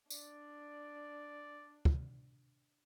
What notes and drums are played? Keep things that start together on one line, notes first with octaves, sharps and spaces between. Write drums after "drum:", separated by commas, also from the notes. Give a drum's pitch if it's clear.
D4 D5, drum: tambourine
drum: kick